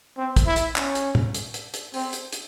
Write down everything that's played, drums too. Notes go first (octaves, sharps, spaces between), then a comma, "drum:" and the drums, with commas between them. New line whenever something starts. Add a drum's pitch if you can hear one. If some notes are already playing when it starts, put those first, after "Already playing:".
C4
drum: kick, hi-hat
E4
drum: hi-hat
C#4, drum: clap
drum: hi-hat
drum: tom
drum: hi-hat
drum: hi-hat
drum: hi-hat
C4, drum: open hi-hat
drum: hi-hat
drum: hi-hat